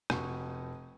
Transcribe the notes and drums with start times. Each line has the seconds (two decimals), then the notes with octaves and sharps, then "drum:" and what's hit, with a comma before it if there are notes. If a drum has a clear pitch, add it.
0.10 F1 F#4 C#6, drum: rim click